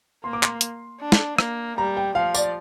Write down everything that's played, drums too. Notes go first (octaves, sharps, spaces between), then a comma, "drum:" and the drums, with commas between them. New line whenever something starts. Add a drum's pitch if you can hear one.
A#3 C6
D6
C6, drum: clap
drum: hi-hat
D4
drum: snare
A#3, drum: rim click
G3 A#5
G5
F3 F5
D5, drum: tambourine